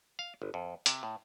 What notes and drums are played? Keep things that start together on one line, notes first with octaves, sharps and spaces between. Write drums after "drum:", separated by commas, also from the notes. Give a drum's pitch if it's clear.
F5
G1
F2
C3, drum: hi-hat
A2